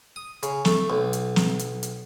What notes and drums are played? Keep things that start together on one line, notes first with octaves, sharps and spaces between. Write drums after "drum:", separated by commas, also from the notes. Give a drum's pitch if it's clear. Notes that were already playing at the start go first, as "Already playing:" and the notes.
D#6
C#3, drum: hi-hat
A3, drum: snare
B1
drum: hi-hat
drum: snare
drum: hi-hat
drum: hi-hat